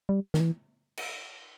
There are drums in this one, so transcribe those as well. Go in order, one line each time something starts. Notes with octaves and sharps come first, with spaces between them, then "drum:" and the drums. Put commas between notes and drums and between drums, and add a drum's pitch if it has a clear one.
G3
D#3, drum: snare
E3
drum: cymbal